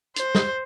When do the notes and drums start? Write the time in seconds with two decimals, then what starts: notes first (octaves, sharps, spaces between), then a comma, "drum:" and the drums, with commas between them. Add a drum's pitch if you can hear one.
0.16 C5, drum: hi-hat
0.35 drum: snare